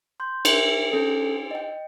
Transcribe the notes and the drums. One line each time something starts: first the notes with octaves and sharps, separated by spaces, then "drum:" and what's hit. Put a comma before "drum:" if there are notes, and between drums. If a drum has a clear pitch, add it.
C6 G6
D#4 A#4 E5, drum: cymbal
C#4 A4
D#5 G5